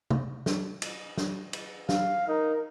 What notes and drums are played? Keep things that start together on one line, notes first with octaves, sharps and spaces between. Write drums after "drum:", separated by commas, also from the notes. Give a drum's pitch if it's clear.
drum: tom C3
drum: snare
drum: cymbal
drum: snare
drum: cymbal
F5, drum: snare
D#4 A#4